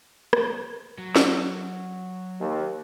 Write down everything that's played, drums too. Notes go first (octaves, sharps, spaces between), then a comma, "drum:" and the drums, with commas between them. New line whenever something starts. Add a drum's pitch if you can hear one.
drum: rim click
F#3
drum: snare
D#2